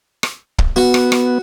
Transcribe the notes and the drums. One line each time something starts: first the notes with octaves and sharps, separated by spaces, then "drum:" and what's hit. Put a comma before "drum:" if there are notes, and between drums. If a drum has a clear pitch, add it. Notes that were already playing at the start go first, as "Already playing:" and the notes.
drum: rim click
drum: kick
B3 F#4
drum: rim click
drum: rim click